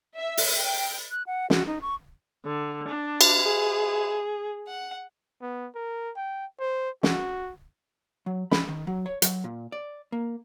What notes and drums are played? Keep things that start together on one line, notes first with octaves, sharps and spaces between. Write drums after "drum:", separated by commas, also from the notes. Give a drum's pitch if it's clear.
E5
drum: open hi-hat
G5
F#6
F#5
F#4, drum: snare
D#4
C#6
D3
D4
drum: cymbal
G#4
F#5
B3
A#4
G5
C5
F#4, drum: snare
F#3
B5, drum: snare
D#3
F#3
C#5
F#3, drum: hi-hat
A#2
D5
A#3